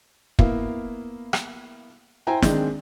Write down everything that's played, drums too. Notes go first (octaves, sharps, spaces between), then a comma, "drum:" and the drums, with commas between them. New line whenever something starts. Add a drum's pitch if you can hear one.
A#3 B3 E4 F5, drum: kick
drum: rim click
E4 C5 G5 G#5 A#5
D#3 G#3 C4 D4, drum: snare